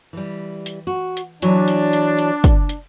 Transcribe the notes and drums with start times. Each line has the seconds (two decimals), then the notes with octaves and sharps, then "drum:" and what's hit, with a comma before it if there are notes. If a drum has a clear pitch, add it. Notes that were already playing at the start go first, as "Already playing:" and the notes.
0.13 E3 G3
0.66 drum: hi-hat
0.87 F#4
1.17 drum: hi-hat
1.42 E3 F#3 D4, drum: hi-hat
1.68 drum: hi-hat
1.93 drum: hi-hat
2.19 drum: hi-hat
2.44 drum: kick, hi-hat
2.69 drum: hi-hat